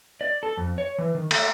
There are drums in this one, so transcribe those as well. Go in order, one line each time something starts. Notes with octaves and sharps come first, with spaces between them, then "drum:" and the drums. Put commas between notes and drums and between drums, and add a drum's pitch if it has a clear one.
D5
A4
F2
C#5
E3
D#3
A3, drum: cymbal